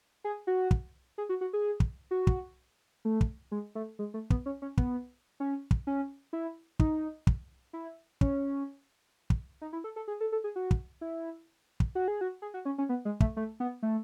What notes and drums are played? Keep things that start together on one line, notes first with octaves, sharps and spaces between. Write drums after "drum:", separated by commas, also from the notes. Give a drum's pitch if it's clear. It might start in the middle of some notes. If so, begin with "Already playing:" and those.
G#4
F#4
drum: kick
G#4
F#4
F#4
G#4
drum: kick
F#4
drum: kick
A3
drum: kick
G#3
A3
G#3
A3
B3, drum: kick
C#4
C#4
B3, drum: kick
C#4
drum: kick
C#4
E4
D#4, drum: kick
drum: kick
E4
C#4, drum: kick
drum: kick
D#4
E4
A4
A4
G#4
A4
A4
G#4
F#4
drum: kick
E4
drum: kick
F#4
G#4
F#4
G#4
F#4
C#4
C#4
B3
G#3
A3, drum: kick
A3
B3
A3